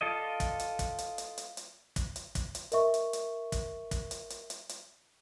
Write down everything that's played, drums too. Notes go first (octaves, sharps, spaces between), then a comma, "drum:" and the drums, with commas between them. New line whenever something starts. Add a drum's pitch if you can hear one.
F4 A4 D5 D#5
drum: kick, hi-hat
drum: hi-hat
drum: kick, hi-hat
drum: hi-hat
drum: hi-hat
drum: hi-hat
drum: hi-hat
drum: kick, hi-hat
drum: hi-hat
drum: kick, hi-hat
drum: hi-hat
A#4 D#5 E5 C#6, drum: hi-hat
drum: hi-hat
drum: hi-hat
drum: kick, hi-hat
drum: kick, hi-hat
drum: hi-hat
drum: hi-hat
drum: hi-hat
drum: hi-hat